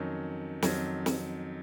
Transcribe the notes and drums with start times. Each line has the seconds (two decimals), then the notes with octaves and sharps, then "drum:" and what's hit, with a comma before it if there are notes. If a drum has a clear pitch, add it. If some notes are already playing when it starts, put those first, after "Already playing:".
Already playing: F2 D#3 F#3 C#4
0.62 F2 D#3 F#3, drum: snare
1.06 drum: snare